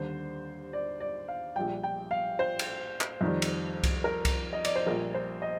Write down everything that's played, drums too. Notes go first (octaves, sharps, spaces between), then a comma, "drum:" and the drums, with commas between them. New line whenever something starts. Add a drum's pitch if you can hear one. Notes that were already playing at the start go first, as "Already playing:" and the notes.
Already playing: D#2 D3 G3 C5
D5
D5
F5
A#1 A#2 G3 G5
G5
F5
C5
drum: cymbal
drum: clap
F2 D#3 G3
drum: cymbal
drum: kick C2, cymbal
A#4
drum: kick C2, cymbal
D#5
D5, drum: cymbal
C5
A#1 A#2 G3 A#4
C5
D#5